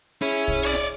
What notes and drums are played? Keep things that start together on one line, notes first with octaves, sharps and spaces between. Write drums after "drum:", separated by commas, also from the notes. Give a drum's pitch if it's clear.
C#4 E4 G#4
drum: kick
C#5 D5